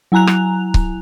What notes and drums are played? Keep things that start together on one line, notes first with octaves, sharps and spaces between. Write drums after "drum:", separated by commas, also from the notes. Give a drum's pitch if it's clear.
F#3 E4 G#5 A#5 F#6 F7
drum: rim click
drum: kick C#1